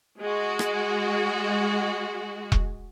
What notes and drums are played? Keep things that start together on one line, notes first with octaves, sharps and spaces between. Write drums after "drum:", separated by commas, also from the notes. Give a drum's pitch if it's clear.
G#3 F#4
drum: rim click
drum: kick E1